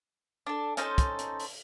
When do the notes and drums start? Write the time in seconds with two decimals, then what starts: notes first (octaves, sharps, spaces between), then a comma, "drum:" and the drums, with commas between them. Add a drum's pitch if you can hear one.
0.46 D4 A4
0.77 C#4 D#4 A4 C5, drum: hi-hat
0.98 drum: kick, hi-hat
1.19 drum: hi-hat
1.40 drum: open hi-hat